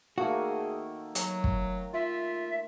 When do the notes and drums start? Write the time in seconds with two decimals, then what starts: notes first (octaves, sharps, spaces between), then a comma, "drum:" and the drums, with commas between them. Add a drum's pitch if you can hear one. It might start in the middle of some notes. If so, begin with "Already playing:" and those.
0.18 D#3 A3 A#3 F#4 G#4
1.15 F#3, drum: hi-hat
1.44 drum: kick
1.94 F4 E5